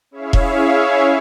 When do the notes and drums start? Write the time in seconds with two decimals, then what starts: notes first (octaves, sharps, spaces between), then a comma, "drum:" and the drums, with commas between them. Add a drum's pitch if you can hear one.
0.11 C#4 E4 G#4 C#5 E5 F5
0.33 drum: kick E1